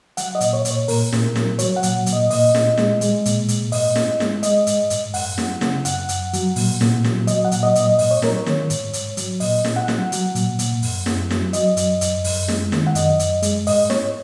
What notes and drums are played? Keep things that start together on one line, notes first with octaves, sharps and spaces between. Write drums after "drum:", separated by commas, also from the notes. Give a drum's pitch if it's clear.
F#3 F#5, drum: hi-hat
D#5
A#2, drum: hi-hat
C#5
A#2, drum: hi-hat
C#5
A#2 A#4, drum: open hi-hat
A#2, drum: snare
F#3, drum: snare
F#3 C#5, drum: hi-hat
F#5
A#2, drum: hi-hat
A#2, drum: hi-hat
D#5
A#2 D#5, drum: open hi-hat
A#2, drum: snare
G#3, drum: snare
G#3, drum: hi-hat
A#2, drum: hi-hat
A#2, drum: hi-hat
G#2 D#5, drum: open hi-hat
G#2, drum: snare
G#3, drum: snare
G#3 D#5, drum: hi-hat
G#2, drum: hi-hat
G#2, drum: hi-hat
F#2 F#5, drum: open hi-hat
F#3, drum: snare
C#3, drum: snare
F#2 F#5, drum: hi-hat
F#2, drum: hi-hat
F#3, drum: hi-hat
A#2, drum: open hi-hat
A#2, drum: snare
F#3, drum: snare
F#3 D#5, drum: hi-hat
F#5
A#2, drum: hi-hat
D#5
A#2, drum: hi-hat
D#5
G#2 D#5, drum: open hi-hat
C#5
F#3 A#4, drum: snare
C#5
D#3, drum: snare
G#2, drum: hi-hat
G#2, drum: hi-hat
F#3, drum: hi-hat
A#2 D#5, drum: open hi-hat
A#2, drum: snare
F#5
F#3, drum: snare
F#3, drum: hi-hat
A#2, drum: hi-hat
A#2, drum: hi-hat
F#2, drum: open hi-hat
F#2, drum: snare
F#3, drum: snare
F#3 D#5, drum: hi-hat
F#2, drum: hi-hat
F#2, drum: hi-hat
F#2, drum: open hi-hat
G#3, drum: snare
D#3, drum: snare
F#5
F#2 D#5, drum: hi-hat
F#2, drum: hi-hat
G#3, drum: hi-hat
G#2 D#5, drum: open hi-hat
G#2 C#5, drum: snare